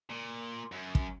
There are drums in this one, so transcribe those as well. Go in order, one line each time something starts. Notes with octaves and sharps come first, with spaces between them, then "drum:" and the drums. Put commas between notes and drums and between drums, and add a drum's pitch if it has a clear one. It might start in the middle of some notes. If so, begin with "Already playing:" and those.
A#2
F#2
drum: kick